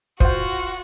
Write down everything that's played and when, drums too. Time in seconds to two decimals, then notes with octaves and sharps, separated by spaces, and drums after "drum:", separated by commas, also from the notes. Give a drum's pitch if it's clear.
0.20 F4 F#4 C5 F#5, drum: kick